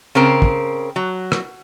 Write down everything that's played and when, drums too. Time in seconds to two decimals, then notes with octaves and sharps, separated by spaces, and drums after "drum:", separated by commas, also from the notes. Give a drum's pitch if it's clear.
0.15 C#3 C4 A#4
0.42 drum: kick
0.96 F#3
1.32 drum: rim click